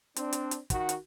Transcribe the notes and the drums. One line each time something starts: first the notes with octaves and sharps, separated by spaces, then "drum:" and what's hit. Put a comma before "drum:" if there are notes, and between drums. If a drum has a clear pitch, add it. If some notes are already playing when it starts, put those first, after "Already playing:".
C4 D4, drum: hi-hat
drum: hi-hat
drum: hi-hat
D#3 F#4, drum: kick, hi-hat
drum: hi-hat